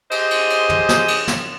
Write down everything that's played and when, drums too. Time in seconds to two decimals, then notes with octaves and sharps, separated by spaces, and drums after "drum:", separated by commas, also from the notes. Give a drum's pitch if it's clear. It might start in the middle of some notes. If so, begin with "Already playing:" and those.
0.11 G4 G#4 C5 D#5, drum: cymbal
0.31 drum: cymbal
0.50 drum: cymbal
0.69 drum: tom
0.89 drum: snare
1.08 drum: cymbal
1.27 drum: snare